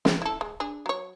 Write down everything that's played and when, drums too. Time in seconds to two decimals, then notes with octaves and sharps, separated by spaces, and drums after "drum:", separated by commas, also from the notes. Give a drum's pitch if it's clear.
0.05 C4 C#4, drum: snare
0.22 E4 A4
0.41 G#3
0.60 D4 G#4
0.86 F#3 C#5